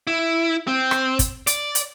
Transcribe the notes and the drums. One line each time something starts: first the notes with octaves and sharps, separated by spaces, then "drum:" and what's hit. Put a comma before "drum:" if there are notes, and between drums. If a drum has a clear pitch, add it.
E4
C4
drum: rim click
drum: kick, hi-hat
D5, drum: hi-hat
drum: hi-hat